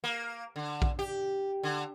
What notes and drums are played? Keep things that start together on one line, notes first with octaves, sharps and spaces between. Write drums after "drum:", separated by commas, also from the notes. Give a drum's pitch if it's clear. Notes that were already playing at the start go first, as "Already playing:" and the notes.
A#3
D3
drum: kick A#1
G4
D3